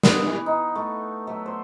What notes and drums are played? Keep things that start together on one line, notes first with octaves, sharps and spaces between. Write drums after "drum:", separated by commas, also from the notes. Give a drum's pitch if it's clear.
B3, drum: snare
E3
D#4
A3
F#3 A3 E5
C5